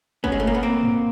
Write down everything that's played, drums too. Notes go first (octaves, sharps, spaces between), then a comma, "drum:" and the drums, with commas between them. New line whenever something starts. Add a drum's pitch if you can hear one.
B3 C#4, drum: kick
G#3
A3
A#3
B3
A#3 C4
drum: tom G2